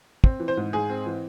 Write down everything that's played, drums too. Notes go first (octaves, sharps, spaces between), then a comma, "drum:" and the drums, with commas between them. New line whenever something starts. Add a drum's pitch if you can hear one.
C4, drum: kick
E3
C5
G#2
G#2 G#4
C4
E3